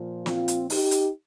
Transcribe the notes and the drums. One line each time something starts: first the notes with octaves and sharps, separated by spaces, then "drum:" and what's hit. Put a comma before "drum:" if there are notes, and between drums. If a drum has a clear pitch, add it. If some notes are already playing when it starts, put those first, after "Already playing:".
Already playing: A#2 F3
C4 F4, drum: snare
drum: hi-hat
D#4 G4, drum: open hi-hat
drum: hi-hat